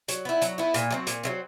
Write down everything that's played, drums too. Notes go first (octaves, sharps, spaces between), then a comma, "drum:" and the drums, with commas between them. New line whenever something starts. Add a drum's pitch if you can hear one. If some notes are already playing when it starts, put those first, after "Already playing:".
F#3, drum: hi-hat
B3 E4
F#3, drum: hi-hat
B3 E4
A#2, drum: hi-hat
F#3 A3 C4
A#2, drum: hi-hat
F#3 A3 C4